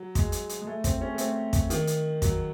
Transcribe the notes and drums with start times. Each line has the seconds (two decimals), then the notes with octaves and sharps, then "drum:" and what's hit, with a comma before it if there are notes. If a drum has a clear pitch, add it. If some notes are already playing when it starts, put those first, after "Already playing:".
Already playing: F#3
0.15 G#3, drum: kick, hi-hat
0.32 drum: hi-hat
0.49 drum: hi-hat
0.61 G#3
0.67 A3
0.84 C4, drum: kick, hi-hat
1.01 C#4
1.15 A3
1.18 C4, drum: hi-hat
1.53 drum: kick, hi-hat
1.70 D#3, drum: hi-hat
1.87 drum: hi-hat
2.22 F#3, drum: kick, hi-hat